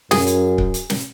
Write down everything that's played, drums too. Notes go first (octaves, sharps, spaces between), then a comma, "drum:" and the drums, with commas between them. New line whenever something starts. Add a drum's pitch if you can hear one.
F#2 G#4, drum: snare
drum: hi-hat
drum: kick C#1
drum: hi-hat
drum: snare